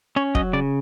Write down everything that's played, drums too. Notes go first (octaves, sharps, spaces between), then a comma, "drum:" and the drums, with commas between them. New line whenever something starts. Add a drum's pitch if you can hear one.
C#4 C#5
F#3 D#5, drum: kick
C#3 D5